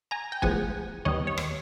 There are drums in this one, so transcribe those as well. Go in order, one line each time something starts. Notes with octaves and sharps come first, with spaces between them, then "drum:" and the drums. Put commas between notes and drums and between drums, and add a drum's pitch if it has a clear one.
G#5 A#5
G5
A2 F3 G#3 B3 F#5 G#5, drum: kick C#1
D#2 D#3 G3 B3 C#5 D#5
C#5
drum: rim click